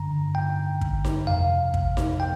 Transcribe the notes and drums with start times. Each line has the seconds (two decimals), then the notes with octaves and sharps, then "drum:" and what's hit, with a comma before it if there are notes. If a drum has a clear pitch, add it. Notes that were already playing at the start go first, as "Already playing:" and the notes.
Already playing: G2 D3 A#5
0.35 G5
0.81 drum: kick
1.04 drum: snare D#4
1.27 F2 C3 F5
1.74 drum: kick
1.97 drum: snare D#4
2.20 G5